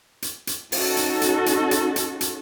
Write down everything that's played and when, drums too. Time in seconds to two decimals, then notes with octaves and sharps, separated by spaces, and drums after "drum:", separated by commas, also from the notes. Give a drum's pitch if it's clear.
0.22 drum: hi-hat
0.47 drum: hi-hat
0.72 C#4 D#4 F#4 A4, drum: open hi-hat
0.97 drum: hi-hat
1.22 drum: hi-hat
1.46 drum: hi-hat
1.71 drum: hi-hat
1.96 drum: hi-hat
2.21 drum: hi-hat